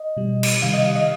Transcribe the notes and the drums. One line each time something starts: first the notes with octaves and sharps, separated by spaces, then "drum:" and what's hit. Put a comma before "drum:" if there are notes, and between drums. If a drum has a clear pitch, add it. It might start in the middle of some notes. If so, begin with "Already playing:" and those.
Already playing: D#5
B2 G3
drum: cymbal
C3 D#3 G3 F5
D#5
F5
D#5